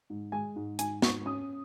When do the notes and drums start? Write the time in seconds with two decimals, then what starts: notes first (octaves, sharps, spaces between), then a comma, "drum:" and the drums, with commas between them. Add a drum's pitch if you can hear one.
0.10 G#2
0.32 G#3 G#5
0.56 G#2
0.79 G#2 G#5, drum: hi-hat
1.02 G#2 C#6, drum: snare
1.26 C#4 D#6